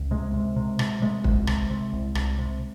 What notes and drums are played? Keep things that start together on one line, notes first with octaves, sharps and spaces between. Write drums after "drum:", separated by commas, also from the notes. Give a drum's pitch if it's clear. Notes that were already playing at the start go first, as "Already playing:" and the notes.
Already playing: C#2
C3 G#3
C3
C3
C3, drum: rim click
C3 G#3
C2, drum: kick
C3, drum: rim click
C3
C2
C2, drum: rim click
C3